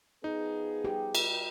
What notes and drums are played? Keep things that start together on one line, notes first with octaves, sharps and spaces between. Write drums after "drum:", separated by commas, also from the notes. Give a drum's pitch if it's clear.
F3 B3 D#4 G#4
G4
drum: cymbal